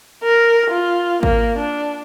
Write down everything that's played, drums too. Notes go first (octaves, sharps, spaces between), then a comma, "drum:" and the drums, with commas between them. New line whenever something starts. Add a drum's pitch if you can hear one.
A#4
F4
A#3, drum: kick G#1
D4